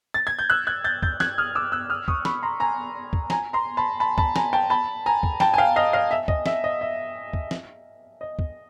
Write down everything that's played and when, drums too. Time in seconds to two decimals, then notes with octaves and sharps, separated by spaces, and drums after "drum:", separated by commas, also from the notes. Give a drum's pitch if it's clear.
0.14 A6
0.27 G#6
0.39 G6
0.50 E6 F#6
0.67 F#6 G#6
0.84 G6 A6
1.03 G6 A6, drum: kick
1.20 F#6 G#6, drum: snare
1.38 D#6 F6
1.55 D6 E6
1.72 E6 F#6
1.90 D#6 F6
2.08 C#6 D#6, drum: kick
2.25 B5 C#6, drum: snare
2.43 A#5 C6
2.60 G#5 A#5
3.13 drum: kick
3.30 G#5 A#5, drum: snare
3.53 A#5 C6
3.77 A5 B5
4.00 A5 B5
4.18 A5 B5, drum: kick
4.36 G#5 A#5, drum: snare
4.53 G5 A5
4.70 A5 B5
5.06 G#5 A#5
5.23 drum: kick
5.40 G5 A5, drum: snare
5.54 G#5
5.58 F5 G5
5.76 D#5 F5
5.93 D#5 F5
6.11 E5
6.28 D#5, drum: kick
6.46 E5, drum: snare
6.64 D#5
6.81 E5
7.34 drum: kick
7.51 drum: snare
8.21 D#5
8.39 drum: kick